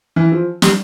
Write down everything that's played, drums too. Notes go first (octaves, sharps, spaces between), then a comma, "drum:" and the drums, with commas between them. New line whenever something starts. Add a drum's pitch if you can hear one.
E3
F3
G3, drum: snare